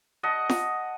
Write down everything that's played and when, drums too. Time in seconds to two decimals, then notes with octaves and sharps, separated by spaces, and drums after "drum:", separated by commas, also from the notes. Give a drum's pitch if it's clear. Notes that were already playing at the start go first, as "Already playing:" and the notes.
0.23 D#5 F#5 A5
0.49 drum: snare F4